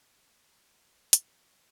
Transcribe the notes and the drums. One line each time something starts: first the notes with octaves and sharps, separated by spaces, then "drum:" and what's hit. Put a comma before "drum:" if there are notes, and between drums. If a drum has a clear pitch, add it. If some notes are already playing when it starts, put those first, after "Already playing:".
A#3
B1 E3 A#4 F#5 D#6
A#3
F#2 G3 B3 C#4, drum: hi-hat